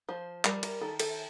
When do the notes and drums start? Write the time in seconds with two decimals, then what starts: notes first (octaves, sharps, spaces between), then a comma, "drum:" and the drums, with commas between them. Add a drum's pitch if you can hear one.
0.09 F3 C5
0.45 G3 A#4, drum: clap
0.63 A#4, drum: cymbal
0.81 D#3 A4
0.99 A4, drum: cymbal